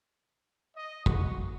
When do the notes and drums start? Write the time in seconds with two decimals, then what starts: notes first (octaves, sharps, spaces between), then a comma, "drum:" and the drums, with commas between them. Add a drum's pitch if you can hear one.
0.77 D#5
1.06 F#4, drum: kick